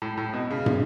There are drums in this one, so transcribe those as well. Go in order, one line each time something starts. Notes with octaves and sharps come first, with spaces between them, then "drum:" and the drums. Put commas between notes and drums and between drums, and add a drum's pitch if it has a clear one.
A2
A2
B2
C#3
drum: tom